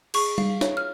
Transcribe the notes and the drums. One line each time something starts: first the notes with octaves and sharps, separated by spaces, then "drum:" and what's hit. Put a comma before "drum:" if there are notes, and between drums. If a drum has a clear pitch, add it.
G#4 C#6, drum: cymbal
F5, drum: tom G3
C#5, drum: snare
F6